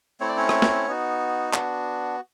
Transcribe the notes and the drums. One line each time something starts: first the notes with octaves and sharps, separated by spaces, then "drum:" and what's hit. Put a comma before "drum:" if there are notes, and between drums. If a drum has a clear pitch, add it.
A3 C4 E4 C#5
D5
C#4 C#5
drum: rim click
drum: snare
B3 D#4 F#4
B3 D4 F#4, drum: clap